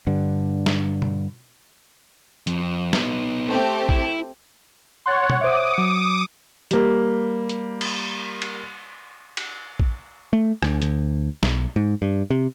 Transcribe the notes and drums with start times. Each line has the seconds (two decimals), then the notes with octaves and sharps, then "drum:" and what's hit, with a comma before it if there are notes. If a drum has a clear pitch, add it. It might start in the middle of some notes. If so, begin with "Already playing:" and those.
0.07 G2 D3
0.66 drum: snare
1.02 drum: tom B2
2.47 F2, drum: hi-hat
2.93 B3 D#4, drum: snare
3.47 A3 C4 G4
3.89 E4, drum: kick A#1
5.06 C#5 F#5 C6 F#6 A6
5.30 drum: tom B2
5.41 C5 E5 D6 D#6
5.73 F#3 C#7
6.71 G3 A#3, drum: hi-hat
7.49 drum: hi-hat
7.81 drum: cymbal
8.42 drum: cymbal
9.37 drum: cymbal
9.80 drum: kick A#1
10.33 A3
10.63 D2, drum: rim click
10.82 D2, drum: hi-hat
11.43 B1, drum: snare
11.76 G#2
12.02 G2
12.30 C3